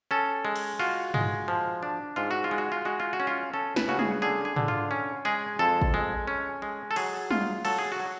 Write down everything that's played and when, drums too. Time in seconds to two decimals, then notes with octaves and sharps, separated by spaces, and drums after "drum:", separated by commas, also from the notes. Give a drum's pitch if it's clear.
0.11 C#4 A4
0.45 G#3
0.56 drum: cymbal
0.79 F4 F#4
1.14 G#3, drum: tom
1.48 F3
1.83 D4
2.16 G#2 F4
2.31 F#4
2.44 F4
2.51 G#3
2.58 F#4
2.72 F4
2.85 G#3 F#4
3.00 F4
3.13 F#4
3.20 C#4
3.27 F4
3.54 C#4 A4
3.76 B4, drum: snare
3.88 C#3 F#4
3.99 G#4, drum: tom
4.22 D3 G#4
4.45 G#4
4.56 D3, drum: tom G#2
4.68 F4
4.91 C#4
5.25 G#3 G#4
5.59 F2 A4
5.82 drum: kick
5.94 G#3
6.27 C#4
6.62 G#3
6.91 A4
6.96 F#3 G#4, drum: cymbal
7.31 F4, drum: tom
7.65 F#3 A4, drum: cymbal
7.79 G#4
7.92 F#4
8.00 F#3